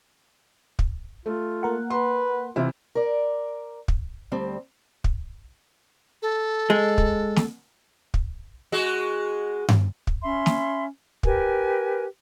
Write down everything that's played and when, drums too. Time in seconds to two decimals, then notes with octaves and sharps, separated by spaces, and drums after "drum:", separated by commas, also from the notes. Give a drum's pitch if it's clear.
0.79 drum: kick
1.26 A3 F4
1.63 A#3 A#4 F#5
1.90 B4 C6
2.56 C3 E3 E4 F4
2.95 A#4 D5
3.88 drum: kick
4.32 D2 G3 C4
5.04 drum: kick
6.22 A4
6.70 G#3
6.98 drum: kick
7.36 drum: snare
8.14 drum: kick
8.72 G#3 F#4
9.69 drum: tom G2
10.07 drum: kick
10.22 C#4 E5 B5 C6
10.46 drum: snare
11.23 G4 A#4 B4 G#5, drum: kick